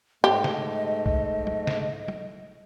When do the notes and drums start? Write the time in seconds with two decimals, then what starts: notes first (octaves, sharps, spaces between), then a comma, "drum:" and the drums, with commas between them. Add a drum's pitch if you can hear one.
0.24 G#2 A3 G4 D#5
0.44 drum: snare
1.06 drum: kick B1
1.47 drum: tom F#3
1.67 drum: snare
2.08 drum: tom F#3